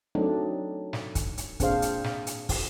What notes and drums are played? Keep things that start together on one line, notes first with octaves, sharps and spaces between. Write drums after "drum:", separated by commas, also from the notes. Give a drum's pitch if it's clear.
F#3 A3 C4 D4 D#4
drum: snare
drum: kick, hi-hat
drum: hi-hat
A#2 C4 D4 G#4 C5 F5, drum: kick, hi-hat
drum: hi-hat
drum: snare
drum: hi-hat
drum: kick, open hi-hat